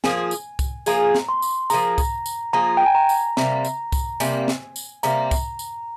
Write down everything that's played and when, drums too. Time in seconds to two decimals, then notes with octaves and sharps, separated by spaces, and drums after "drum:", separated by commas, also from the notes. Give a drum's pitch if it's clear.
0.04 F3 A#3 F4 G#4 G#5, drum: snare
0.31 drum: tambourine
0.59 drum: kick C2, tambourine
0.86 F3 A#3 F4 G#4 A#5, drum: tambourine
1.15 drum: snare
1.29 C6
1.42 drum: tambourine
1.70 F3 A#3 F4 G#4 A#5, drum: tambourine
1.98 drum: kick C2, tambourine
2.26 drum: tambourine
2.53 F3 A#3 F4 G#4 A#5
2.77 G5
2.86 G#5
2.95 A#5
3.09 drum: tambourine
3.37 C3 G3 A#3 A#5, drum: snare
3.65 drum: tambourine
3.92 drum: kick C2, tambourine
4.20 C3 G3 A#3 G#5, drum: tambourine
4.48 drum: snare
4.76 drum: tambourine
5.03 C3 G3 A#3 A#5, drum: tambourine
5.31 drum: kick C2, tambourine
5.59 drum: tambourine